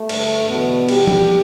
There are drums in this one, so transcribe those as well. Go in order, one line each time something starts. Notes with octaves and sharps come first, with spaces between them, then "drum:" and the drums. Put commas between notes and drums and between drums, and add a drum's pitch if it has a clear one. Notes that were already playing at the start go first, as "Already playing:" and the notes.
Already playing: A3
G2 D3, drum: cymbal
E2 B2 D3 B3
E2 B2 G3 G4, drum: cymbal
drum: tom F3